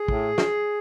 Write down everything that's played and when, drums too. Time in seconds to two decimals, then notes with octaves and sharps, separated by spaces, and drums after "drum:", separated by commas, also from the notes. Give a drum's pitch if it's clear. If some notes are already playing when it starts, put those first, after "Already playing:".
Already playing: G#4
0.08 A2, drum: kick
0.38 drum: snare